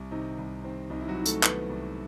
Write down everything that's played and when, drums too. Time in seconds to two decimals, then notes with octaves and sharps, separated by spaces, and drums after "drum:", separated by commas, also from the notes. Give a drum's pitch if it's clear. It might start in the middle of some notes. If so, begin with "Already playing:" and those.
Already playing: C2
0.11 C3 D#3 D#4
0.38 C2
0.64 D#3 C4
0.90 C2 D#3 D#4
1.01 E4
1.08 F#3 F#4
1.17 D#3
1.26 A3 A4, drum: hi-hat
1.43 D#3 B3 B4, drum: clap
1.70 C2